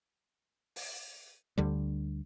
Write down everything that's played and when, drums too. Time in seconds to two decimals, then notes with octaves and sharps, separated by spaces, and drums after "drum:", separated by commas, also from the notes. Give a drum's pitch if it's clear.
0.76 drum: open hi-hat
1.58 D2 D3 G3